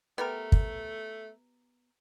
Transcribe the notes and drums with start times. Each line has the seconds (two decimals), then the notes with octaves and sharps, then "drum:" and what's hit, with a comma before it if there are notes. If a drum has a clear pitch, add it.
0.18 A3 B3 G4 A#4
0.52 drum: kick